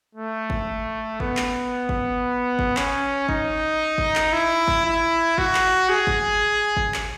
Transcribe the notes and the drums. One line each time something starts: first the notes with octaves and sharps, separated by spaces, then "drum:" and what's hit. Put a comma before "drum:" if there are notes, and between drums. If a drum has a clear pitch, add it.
A3
drum: kick G#1
B3, drum: kick G#1
drum: clap
drum: kick G#1
drum: kick G#1
C#4, drum: clap
D#4, drum: kick G#1
drum: kick G#1
drum: clap
E4
drum: kick G#1
E4
F#4, drum: kick G#1
drum: clap
G#4
drum: kick G#1
drum: kick G#1
drum: clap